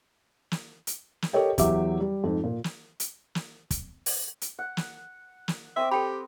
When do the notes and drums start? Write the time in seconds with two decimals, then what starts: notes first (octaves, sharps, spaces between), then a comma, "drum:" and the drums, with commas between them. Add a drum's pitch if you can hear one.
0.52 drum: snare
0.87 drum: hi-hat
1.22 drum: snare
1.33 G4 A4 A#4 C#5 D#5 G5
1.58 E2 F#3 G4 E5 D6, drum: kick, hi-hat
2.00 G3
2.24 F2 G#2
2.44 A#2
2.64 drum: snare
3.00 drum: hi-hat
3.35 drum: snare
3.71 drum: kick, hi-hat
4.06 drum: open hi-hat
4.41 drum: hi-hat
4.58 F#5
4.77 drum: snare
5.48 drum: snare
5.77 C4 D#5 E5 D6
5.91 G4 A4 G5 B5